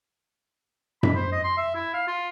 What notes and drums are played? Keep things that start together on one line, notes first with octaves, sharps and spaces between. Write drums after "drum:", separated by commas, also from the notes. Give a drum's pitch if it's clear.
B5, drum: tom F#2
C5
D#5
C6
E5
E4
F5
F4